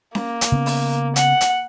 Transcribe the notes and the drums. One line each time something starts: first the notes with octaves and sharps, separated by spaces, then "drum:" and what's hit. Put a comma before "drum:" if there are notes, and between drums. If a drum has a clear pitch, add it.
A#3, drum: snare C#4
drum: hi-hat
C#3 B3 C#4
drum: open hi-hat
F#5, drum: hi-hat
drum: hi-hat